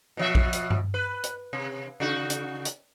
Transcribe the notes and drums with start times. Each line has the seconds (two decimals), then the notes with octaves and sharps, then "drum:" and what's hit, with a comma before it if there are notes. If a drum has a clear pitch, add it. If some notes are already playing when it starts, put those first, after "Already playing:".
0.17 B2 F3 E5
0.35 drum: kick A#1
0.53 drum: hi-hat
0.70 drum: tom G2
0.94 B4
1.24 drum: hi-hat
1.53 C3
2.00 C#3 D#4 F#4
2.30 drum: hi-hat
2.65 drum: hi-hat